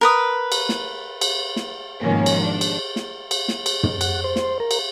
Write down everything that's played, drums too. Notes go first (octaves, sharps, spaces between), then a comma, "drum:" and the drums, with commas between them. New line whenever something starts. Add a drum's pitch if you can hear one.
A#4 B4 D#6
drum: cymbal
drum: snare
drum: cymbal
drum: snare
G#2 B2 D#3 F3 A#3 C#4
drum: cymbal
D4
drum: cymbal
drum: snare
drum: cymbal
drum: snare
drum: cymbal
drum: tom
F#5, drum: cymbal
C5
drum: snare
A#4
drum: cymbal